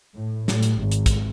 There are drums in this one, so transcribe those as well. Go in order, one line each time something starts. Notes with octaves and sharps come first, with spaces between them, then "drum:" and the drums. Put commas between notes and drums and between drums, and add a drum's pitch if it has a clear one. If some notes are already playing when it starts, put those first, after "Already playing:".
A2
A2, drum: snare
drum: hi-hat
G#1
drum: hi-hat
drum: kick, hi-hat